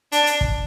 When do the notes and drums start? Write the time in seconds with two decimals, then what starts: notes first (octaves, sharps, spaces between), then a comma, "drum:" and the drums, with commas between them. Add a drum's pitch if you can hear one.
0.12 D4, drum: hi-hat
0.26 drum: hi-hat
0.41 drum: kick